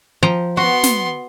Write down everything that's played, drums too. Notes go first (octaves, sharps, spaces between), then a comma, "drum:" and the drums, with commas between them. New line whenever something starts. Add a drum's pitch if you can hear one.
F3 G5 A#5
B3 F#4 C6
drum: snare